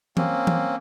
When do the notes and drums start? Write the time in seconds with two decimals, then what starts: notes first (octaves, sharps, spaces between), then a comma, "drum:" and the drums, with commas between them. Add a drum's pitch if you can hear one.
0.17 A#3 C4 C#4, drum: tom E3
0.47 drum: tom E3